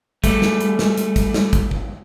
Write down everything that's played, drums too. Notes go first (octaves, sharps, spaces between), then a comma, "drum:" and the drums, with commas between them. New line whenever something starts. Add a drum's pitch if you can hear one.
G3 A3, drum: kick, hi-hat
drum: snare
drum: hi-hat
drum: snare
drum: hi-hat
drum: kick, hi-hat
drum: snare
drum: kick, hi-hat
drum: kick